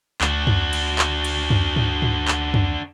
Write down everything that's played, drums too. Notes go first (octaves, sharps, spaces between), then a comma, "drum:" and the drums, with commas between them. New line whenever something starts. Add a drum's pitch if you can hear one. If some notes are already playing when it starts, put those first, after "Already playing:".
D2 D4 F#4, drum: clap
drum: tom
drum: cymbal
drum: clap
drum: cymbal
drum: tom
drum: tom
drum: tom
drum: clap
drum: tom